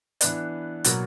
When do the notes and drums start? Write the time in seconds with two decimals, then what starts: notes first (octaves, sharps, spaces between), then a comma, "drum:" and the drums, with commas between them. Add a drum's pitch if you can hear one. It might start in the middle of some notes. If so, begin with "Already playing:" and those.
0.21 E3 B3 D4, drum: hi-hat
0.84 B2 F#3 A#3, drum: hi-hat